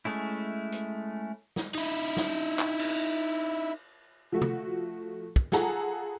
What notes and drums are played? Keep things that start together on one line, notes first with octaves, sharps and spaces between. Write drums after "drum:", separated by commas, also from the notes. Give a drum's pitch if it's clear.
G#3 A3 C#4 E4
drum: hi-hat
drum: snare
D#4 E4
drum: snare
drum: clap
drum: cymbal
F3 A3 F#4
drum: tom C3
drum: kick
F4 G#4 A4 F#5 A5 A#5, drum: snare